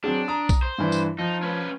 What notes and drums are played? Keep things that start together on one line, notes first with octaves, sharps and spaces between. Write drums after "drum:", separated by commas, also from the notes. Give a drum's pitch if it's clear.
F#3 C4 D4 G#4
A#5 D#6
drum: kick B1, tambourine
C5
G2 E3 D4
drum: tambourine
F3 D#4
C#4 B4